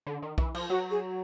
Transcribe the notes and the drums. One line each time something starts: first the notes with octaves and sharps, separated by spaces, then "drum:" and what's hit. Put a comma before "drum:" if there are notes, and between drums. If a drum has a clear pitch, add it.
D3
D#3
E3, drum: kick B1
F3, drum: cymbal
F#3 F#4
G#4